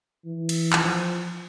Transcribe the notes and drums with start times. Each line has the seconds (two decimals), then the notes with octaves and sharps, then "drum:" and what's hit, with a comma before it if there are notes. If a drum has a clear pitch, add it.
0.25 E3
0.49 drum: cymbal
0.73 F3, drum: clap